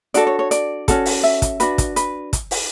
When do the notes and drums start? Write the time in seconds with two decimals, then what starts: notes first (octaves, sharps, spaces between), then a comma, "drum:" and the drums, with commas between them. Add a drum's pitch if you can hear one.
0.14 D4 F#4 A4 D5, drum: hi-hat
0.27 C#5
0.39 C#5
0.51 D5, drum: hi-hat
0.88 C#4 F#4 A4, drum: kick, hi-hat
1.06 drum: open hi-hat
1.23 E5
1.42 drum: kick, hi-hat
1.60 D4 F#4 B4, drum: hi-hat
1.78 drum: kick, hi-hat
1.96 B4, drum: hi-hat
2.33 drum: kick, hi-hat
2.51 drum: open hi-hat